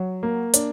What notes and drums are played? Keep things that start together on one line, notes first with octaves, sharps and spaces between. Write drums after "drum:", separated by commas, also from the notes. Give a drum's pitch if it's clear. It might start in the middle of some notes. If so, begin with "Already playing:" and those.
Already playing: F#3
A#3
D4, drum: hi-hat